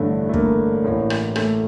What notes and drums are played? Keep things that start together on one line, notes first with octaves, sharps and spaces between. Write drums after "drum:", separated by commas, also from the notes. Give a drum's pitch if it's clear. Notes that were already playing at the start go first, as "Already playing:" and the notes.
Already playing: A1 G2 D3 A3
A3
A#3, drum: kick
A1 A2
drum: rim click
A3, drum: rim click